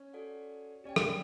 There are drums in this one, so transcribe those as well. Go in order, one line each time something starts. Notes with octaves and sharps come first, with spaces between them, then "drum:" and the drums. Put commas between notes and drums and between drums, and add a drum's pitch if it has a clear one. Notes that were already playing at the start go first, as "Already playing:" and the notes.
Already playing: C#4
F#4 A4 D5 F#5
C#4 G4 D5 G5
drum: rim click